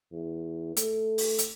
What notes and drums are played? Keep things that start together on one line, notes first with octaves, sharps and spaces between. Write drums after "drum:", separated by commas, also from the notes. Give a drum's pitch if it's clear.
E2
A3, drum: hi-hat
drum: open hi-hat
drum: hi-hat